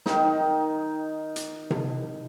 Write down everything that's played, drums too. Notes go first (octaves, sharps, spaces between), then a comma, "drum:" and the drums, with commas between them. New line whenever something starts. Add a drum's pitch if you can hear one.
D#3 D#4, drum: snare
drum: hi-hat
drum: tom C3